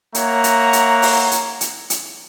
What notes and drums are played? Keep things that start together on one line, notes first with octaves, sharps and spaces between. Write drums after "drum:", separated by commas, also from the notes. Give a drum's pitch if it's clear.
A#3 C#5 E5 F#5 A#5, drum: hi-hat
drum: hi-hat
drum: hi-hat
drum: open hi-hat
drum: hi-hat
drum: hi-hat
drum: hi-hat